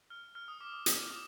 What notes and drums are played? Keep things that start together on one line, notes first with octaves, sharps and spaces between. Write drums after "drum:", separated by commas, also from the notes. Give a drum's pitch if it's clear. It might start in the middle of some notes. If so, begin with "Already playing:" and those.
F6
F6
D#6
D6
D6
D#6, drum: hi-hat
D6